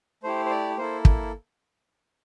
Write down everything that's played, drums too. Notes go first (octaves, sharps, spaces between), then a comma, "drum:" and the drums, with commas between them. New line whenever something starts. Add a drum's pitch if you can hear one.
A3 E4 G4 C5
C5
D5
A#3 E4 A4 C5
drum: kick